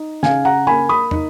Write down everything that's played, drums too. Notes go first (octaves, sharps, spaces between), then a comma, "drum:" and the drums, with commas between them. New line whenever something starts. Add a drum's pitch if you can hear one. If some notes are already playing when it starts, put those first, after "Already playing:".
Already playing: D#4
C#3 F5 G#5, drum: snare
F#5 A#5
A#3 G#5 B5
B5 D#6
D#4, drum: tom